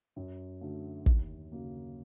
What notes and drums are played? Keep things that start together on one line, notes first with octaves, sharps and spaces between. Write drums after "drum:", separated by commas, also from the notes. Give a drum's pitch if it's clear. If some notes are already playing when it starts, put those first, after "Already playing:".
F#2
D3 F#3 A3
D#2, drum: kick
C#3 F#3 A#3